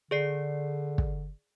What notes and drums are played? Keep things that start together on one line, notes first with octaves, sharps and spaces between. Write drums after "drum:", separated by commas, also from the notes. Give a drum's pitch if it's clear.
D3 G#4 D5 C7
drum: kick